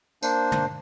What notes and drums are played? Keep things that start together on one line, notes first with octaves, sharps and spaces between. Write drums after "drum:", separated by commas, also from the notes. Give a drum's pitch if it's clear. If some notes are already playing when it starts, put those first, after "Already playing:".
A#3 D4 C5, drum: tambourine
drum: tom